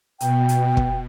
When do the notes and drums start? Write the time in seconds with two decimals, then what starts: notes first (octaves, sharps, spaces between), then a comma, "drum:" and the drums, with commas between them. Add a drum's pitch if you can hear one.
0.20 B2 G5, drum: hi-hat
0.49 drum: hi-hat
0.77 drum: kick